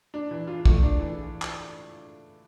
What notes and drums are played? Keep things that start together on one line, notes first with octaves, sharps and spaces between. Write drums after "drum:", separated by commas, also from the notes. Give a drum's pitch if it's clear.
D4
E3
F4
A3, drum: kick
D4
E3
drum: clap